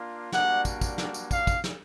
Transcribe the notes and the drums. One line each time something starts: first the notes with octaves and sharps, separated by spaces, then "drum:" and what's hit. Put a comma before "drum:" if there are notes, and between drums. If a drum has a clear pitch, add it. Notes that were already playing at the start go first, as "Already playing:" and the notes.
Already playing: A#3 D4 F4
G3 A#3 D4 F#4 F#5, drum: snare
drum: kick, tambourine
drum: kick, tambourine
drum: snare
drum: tambourine
F5, drum: kick, tambourine
drum: kick, tambourine
drum: snare